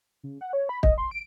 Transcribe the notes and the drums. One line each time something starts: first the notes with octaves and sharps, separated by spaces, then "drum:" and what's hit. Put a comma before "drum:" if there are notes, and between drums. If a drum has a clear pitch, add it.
C#3
F#5
C#5
B5
D#5, drum: kick
C6
D7